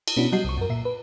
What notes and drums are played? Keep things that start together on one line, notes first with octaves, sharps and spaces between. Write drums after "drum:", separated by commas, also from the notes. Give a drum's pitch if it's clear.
drum: cymbal
B2 B3 C#4 D4 E4 F#4
F#3 G3 F#4 D#5 A5 C7
C2 C#6
F#2 A#4
A#2 E5 C7
B4